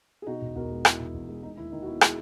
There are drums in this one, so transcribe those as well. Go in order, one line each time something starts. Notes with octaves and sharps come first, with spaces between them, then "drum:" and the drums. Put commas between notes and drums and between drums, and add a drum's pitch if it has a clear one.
G#4
B2 D#4 F#4
E1
E2 F#4 A#4
G#3
B2 E4, drum: rim click
E1
E2
G#3
G#3 D#4
D#2 E4
D#3 D#4
F#4
B3 E4
G#3 E4 G#4, drum: rim click